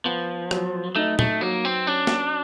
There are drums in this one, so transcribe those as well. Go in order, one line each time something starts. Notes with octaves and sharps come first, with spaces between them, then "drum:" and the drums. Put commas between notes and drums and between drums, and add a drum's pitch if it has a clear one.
F3 B3
F#3, drum: rim click
A3 D#4
A3, drum: tom
F#3 A#3
C4
C#4 D4
drum: snare